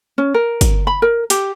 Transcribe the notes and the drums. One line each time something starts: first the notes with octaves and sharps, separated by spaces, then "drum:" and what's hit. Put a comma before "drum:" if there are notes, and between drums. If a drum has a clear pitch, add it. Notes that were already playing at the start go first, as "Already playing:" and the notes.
C#4
A#4
drum: kick, hi-hat
B5
A#4
G4, drum: hi-hat